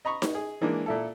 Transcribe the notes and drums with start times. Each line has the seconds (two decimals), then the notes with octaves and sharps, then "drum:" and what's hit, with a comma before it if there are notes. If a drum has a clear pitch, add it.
0.05 D#5 A#5 B5 C#6
0.22 drum: snare D#4
0.35 G#4
0.61 D#3 E3 G#3 A#3 D4
0.86 A#2 E4 A4